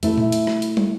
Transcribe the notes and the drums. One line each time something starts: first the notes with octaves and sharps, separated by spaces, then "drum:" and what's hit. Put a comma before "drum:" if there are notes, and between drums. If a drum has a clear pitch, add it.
A3 E4, drum: hi-hat
drum: tom A#2
drum: hi-hat
drum: rim click
drum: hi-hat
drum: tom